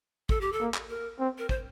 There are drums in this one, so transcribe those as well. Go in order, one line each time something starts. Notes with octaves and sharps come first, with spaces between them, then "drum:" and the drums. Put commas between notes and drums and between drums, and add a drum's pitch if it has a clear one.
A4, drum: kick
G4
A4
A#3
drum: clap
A#4
C4
A#4
C5, drum: kick